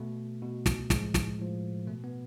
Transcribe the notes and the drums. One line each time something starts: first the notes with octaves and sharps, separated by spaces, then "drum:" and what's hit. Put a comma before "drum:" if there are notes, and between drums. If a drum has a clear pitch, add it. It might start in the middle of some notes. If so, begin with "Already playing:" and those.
Already playing: B2 A3
B2
drum: snare
A2 F3 G#3, drum: snare
drum: snare
A2 F3
B2 A3
B3